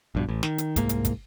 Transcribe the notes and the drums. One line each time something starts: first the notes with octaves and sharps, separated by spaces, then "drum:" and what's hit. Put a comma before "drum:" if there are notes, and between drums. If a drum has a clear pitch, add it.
A#1 G2 B2
A1
D#3, drum: snare
drum: hi-hat
C2 G#2 A#3, drum: kick, hi-hat
drum: hi-hat
drum: kick, hi-hat